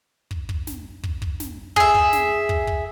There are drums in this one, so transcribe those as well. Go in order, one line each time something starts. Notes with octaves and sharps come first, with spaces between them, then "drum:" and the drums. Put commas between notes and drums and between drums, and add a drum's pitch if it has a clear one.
drum: kick
drum: kick
drum: snare
drum: kick
drum: kick
drum: snare
G#4 E5, drum: kick
drum: kick
drum: snare
drum: kick
drum: kick